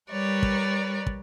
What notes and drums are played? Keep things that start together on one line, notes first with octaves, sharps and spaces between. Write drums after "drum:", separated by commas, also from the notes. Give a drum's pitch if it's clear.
G3 A#4 B4 C#5 D5
drum: kick
drum: kick